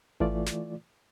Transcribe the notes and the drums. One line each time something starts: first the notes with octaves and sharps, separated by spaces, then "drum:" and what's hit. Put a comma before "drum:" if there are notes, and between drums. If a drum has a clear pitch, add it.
E3 A3 F4 D5, drum: kick G#1
drum: snare